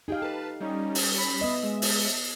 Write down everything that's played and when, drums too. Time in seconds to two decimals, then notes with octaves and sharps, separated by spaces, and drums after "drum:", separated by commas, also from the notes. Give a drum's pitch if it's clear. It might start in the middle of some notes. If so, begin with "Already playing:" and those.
0.08 D#4 G4 G#4 F5 G5
0.22 A4 B4 A5
0.60 G3 C#4 D#4
0.95 drum: open hi-hat
1.17 B5
1.41 B3 D#5 E5
1.63 G#3
1.82 drum: open hi-hat